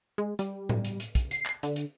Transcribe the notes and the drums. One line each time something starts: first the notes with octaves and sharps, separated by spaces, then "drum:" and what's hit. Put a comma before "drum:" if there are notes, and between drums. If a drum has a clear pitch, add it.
G#3
G3, drum: hi-hat
drum: tom A2
drum: hi-hat
drum: hi-hat
drum: kick, hi-hat
C7, drum: hi-hat
drum: clap
D3, drum: hi-hat
drum: hi-hat